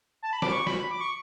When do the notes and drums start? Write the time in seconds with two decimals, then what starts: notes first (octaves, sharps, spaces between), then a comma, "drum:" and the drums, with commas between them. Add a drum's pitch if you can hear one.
0.22 A5
0.33 B5
0.42 D6, drum: snare
0.52 C#6
0.67 B5, drum: snare
0.90 D6
1.01 C#6